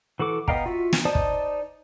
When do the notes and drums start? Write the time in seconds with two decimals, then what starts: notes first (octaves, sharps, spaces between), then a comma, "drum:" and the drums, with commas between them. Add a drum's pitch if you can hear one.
0.19 E3 F#4 A4 D6
0.48 B3 D#5 F5 G5 A#5, drum: kick
0.66 F4 F#4 E5
0.93 drum: snare
1.05 D#4 C5 D5 D#5 A5
1.15 drum: kick